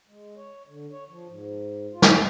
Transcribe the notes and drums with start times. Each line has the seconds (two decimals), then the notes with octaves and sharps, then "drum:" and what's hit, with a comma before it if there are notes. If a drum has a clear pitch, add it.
0.08 G#3
0.37 C#5
0.68 D3
0.91 C#5
1.09 F3
1.28 G#2
1.93 F4
2.02 drum: snare